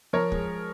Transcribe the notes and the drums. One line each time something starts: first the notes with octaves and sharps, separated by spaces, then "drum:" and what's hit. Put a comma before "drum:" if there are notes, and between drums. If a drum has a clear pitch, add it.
F3 A#4 C#5
G#3, drum: kick